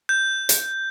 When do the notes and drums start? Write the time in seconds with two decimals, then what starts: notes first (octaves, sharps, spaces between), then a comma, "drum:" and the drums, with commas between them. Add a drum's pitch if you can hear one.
0.09 G6
0.49 drum: hi-hat